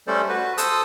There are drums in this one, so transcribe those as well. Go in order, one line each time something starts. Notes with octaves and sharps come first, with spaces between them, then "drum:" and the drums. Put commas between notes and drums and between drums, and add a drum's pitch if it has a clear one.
G3 A3 C#4 A4 C5 D5
F#4 B4
A4 C5 A5 D#6 E6, drum: hi-hat